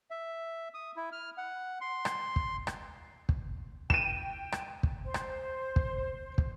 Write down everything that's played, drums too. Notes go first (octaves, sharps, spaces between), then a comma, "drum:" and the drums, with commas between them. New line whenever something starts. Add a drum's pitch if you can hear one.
E5
D#6
E4
F6
F#5
C6
drum: rim click
drum: kick
drum: rim click
drum: kick
G5 D#7 E7, drum: kick
drum: rim click
drum: kick
C5
drum: rim click
drum: kick
drum: kick